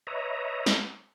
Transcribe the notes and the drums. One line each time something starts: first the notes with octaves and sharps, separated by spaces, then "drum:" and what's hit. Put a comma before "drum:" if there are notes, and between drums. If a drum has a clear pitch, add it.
B4 C#5 D#5 E5 A#5
drum: snare